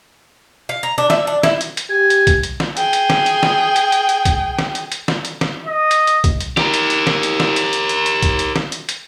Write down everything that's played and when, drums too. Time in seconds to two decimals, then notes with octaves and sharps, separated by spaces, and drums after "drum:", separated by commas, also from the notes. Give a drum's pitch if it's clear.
0.69 F5
0.83 A#5
0.98 D4
1.10 E5, drum: snare
1.27 D4
1.43 E4, drum: snare
1.61 drum: hi-hat
1.77 drum: hi-hat
1.90 G4 G#5
2.10 drum: hi-hat
2.27 drum: kick C2, hi-hat
2.43 drum: hi-hat
2.60 drum: snare
2.77 G#4 G5, drum: hi-hat
2.93 drum: hi-hat
3.10 drum: snare
3.26 drum: hi-hat
3.43 drum: snare
3.76 drum: hi-hat
3.92 drum: hi-hat
4.09 drum: hi-hat
4.25 drum: kick C2, hi-hat
4.59 drum: snare
4.75 drum: hi-hat
4.92 drum: hi-hat
5.08 drum: snare
5.25 drum: hi-hat
5.41 drum: snare
5.66 D#5
5.91 drum: hi-hat
6.07 drum: hi-hat
6.24 drum: kick C2, hi-hat
6.40 drum: hi-hat
6.57 G4 A#4, drum: snare
6.74 drum: hi-hat
6.90 drum: hi-hat
7.07 drum: snare
7.23 drum: hi-hat
7.40 drum: snare
7.56 drum: hi-hat
7.73 drum: hi-hat
7.89 drum: hi-hat
8.06 drum: hi-hat
8.22 drum: kick C2, hi-hat
8.39 drum: hi-hat
8.56 drum: snare
8.72 drum: hi-hat
8.89 drum: hi-hat